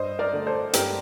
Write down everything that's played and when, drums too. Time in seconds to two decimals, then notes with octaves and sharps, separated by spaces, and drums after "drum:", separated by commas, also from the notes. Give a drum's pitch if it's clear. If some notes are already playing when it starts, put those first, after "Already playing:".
Already playing: G2 C5 D#5
0.19 A#4 D5
0.33 D3 A3
0.46 A4 C5
0.73 G2 G4 A#4, drum: hi-hat